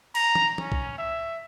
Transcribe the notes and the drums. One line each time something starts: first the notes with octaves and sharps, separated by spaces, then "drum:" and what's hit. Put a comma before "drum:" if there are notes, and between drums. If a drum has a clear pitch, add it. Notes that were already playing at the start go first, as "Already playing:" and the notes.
A#5, drum: cymbal
drum: tom
C#4, drum: tom
drum: kick B1
E5